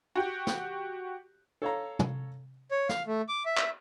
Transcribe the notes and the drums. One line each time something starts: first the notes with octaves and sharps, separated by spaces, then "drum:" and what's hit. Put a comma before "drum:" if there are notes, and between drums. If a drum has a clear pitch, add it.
F#4 G4
drum: snare
A4 C#5 F5 A#5
drum: tom
C#5
F5, drum: snare
A3
D6
E5
drum: clap